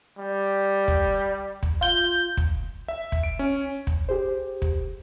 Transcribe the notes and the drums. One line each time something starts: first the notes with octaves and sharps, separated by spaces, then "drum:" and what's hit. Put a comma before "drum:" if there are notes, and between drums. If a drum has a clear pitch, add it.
G3
drum: kick
drum: kick
F4 G6
drum: kick
E5
drum: kick
D7
C#4
drum: kick
G4 G#4 C5
drum: kick